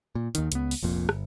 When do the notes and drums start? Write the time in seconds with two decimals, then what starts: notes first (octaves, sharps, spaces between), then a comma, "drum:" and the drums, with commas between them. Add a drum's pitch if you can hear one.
0.15 A#2
0.35 D#2 D#3, drum: hi-hat
0.52 C#2 B3, drum: hi-hat
0.71 drum: open hi-hat
0.83 F1 A#1 F2 A#2
1.09 G1, drum: rim click